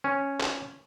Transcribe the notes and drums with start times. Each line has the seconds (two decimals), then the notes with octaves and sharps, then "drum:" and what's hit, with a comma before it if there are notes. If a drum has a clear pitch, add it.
0.04 C#4
0.40 drum: clap